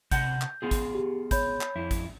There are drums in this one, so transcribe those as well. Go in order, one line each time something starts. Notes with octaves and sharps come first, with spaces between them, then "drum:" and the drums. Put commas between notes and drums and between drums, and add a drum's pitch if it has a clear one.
C3 F#5 A5 G6, drum: kick, hi-hat
drum: clap
B3 F4 G#4
drum: kick, hi-hat
G4
C#5 B5 G6, drum: kick, hi-hat
drum: clap
F2 E4
drum: kick, hi-hat